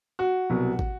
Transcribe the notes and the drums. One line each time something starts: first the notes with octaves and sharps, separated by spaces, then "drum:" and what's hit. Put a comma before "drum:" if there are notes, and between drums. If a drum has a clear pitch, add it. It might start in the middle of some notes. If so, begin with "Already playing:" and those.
F#4
C2 B2 F#3
drum: kick